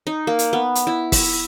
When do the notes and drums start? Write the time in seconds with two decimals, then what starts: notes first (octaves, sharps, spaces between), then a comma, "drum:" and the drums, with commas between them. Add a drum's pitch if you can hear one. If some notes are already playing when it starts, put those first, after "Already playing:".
0.07 D#4
0.27 A#3
0.39 drum: hi-hat
0.53 B3
0.75 drum: hi-hat
0.87 E4
1.12 E5, drum: kick, open hi-hat